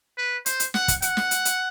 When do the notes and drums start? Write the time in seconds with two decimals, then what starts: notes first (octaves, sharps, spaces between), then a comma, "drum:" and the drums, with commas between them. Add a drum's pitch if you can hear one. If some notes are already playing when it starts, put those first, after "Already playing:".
0.17 B4
0.46 C5, drum: hi-hat
0.60 drum: hi-hat
0.74 F#5, drum: snare
0.88 drum: kick, hi-hat
1.02 F#5, drum: hi-hat
1.17 drum: snare
1.31 drum: hi-hat
1.45 drum: hi-hat